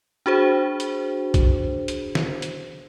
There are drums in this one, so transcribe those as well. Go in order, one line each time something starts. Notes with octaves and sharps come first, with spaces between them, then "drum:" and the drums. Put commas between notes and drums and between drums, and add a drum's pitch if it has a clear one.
D4 F#4 G#4 C5
drum: hi-hat
drum: kick, hi-hat
drum: hi-hat
drum: snare
drum: hi-hat